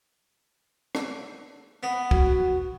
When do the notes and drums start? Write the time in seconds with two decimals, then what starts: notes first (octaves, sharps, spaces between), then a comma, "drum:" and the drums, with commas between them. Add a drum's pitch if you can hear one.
0.95 drum: rim click
1.83 B3
2.11 F#4, drum: kick